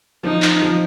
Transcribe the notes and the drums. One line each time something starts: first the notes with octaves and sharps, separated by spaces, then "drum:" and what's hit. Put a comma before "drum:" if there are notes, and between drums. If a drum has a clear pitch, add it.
F3 D#4
drum: clap
F3